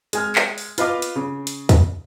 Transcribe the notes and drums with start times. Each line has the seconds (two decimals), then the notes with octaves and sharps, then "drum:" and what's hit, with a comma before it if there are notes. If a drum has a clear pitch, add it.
0.13 G#3 G#5 F6, drum: hi-hat
0.35 drum: clap
0.58 drum: open hi-hat
0.78 F4 B4 D#5 F5 D6, drum: hi-hat
1.02 drum: hi-hat
1.16 C#3
1.47 drum: hi-hat
1.69 drum: kick, hi-hat